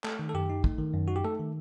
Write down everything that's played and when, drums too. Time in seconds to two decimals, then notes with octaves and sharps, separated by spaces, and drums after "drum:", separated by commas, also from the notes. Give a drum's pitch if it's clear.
0.04 A3 A4, drum: clap
0.19 D#3
0.29 A4
0.34 F#2 G4
0.50 D#4
0.64 A3, drum: kick
0.79 D#3
0.94 F#2
1.08 D#4 F#4
1.16 G4
1.24 A3 A4
1.40 D#3